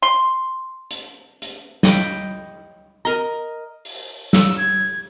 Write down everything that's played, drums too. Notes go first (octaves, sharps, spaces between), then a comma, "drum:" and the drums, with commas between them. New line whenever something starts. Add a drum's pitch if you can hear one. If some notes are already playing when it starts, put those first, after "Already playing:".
C6
drum: hi-hat
drum: hi-hat
D#5 G5 B5, drum: snare
A#4 D#5 A#5
drum: open hi-hat
E6, drum: snare
G#6